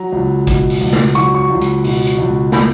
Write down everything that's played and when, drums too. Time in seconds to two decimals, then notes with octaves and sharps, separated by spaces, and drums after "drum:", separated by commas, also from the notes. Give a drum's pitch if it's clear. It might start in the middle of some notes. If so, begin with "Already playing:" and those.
Already playing: F#3 A#5
0.13 C#2
0.47 B2, drum: kick, hi-hat
0.70 drum: open hi-hat
0.81 C#2
0.93 drum: snare
1.15 F#3 C#6, drum: hi-hat
1.35 C#6
1.50 C#2
1.61 drum: hi-hat
1.84 B2, drum: open hi-hat
2.07 drum: hi-hat
2.19 C#2
2.52 A#3 B5, drum: snare